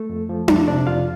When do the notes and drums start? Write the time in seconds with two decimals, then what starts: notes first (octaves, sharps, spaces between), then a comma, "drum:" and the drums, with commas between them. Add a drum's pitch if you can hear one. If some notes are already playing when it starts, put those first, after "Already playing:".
Already playing: A3 A4
0.09 F2
0.29 F3
0.48 F2 D4 D5, drum: tom D4
0.68 C3 D4 D5
0.87 F2 F4 F5